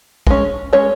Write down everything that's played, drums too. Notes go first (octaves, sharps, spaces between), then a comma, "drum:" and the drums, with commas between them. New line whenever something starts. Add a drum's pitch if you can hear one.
G#3 C#4, drum: kick
G#3 C#4 C#5